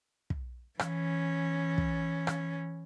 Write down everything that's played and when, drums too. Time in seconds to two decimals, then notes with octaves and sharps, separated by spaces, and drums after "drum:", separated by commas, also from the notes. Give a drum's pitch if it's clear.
0.30 drum: kick
0.79 E3 C#4, drum: rim click
1.78 drum: kick
2.27 drum: rim click